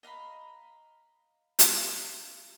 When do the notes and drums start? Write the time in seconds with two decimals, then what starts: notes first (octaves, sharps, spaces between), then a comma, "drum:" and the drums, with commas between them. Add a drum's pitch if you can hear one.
0.03 D#5 F5 A#5 B5
1.59 drum: hi-hat